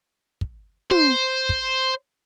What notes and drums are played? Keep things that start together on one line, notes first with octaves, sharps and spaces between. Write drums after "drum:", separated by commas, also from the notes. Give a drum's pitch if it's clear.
drum: kick
C5, drum: tom
drum: kick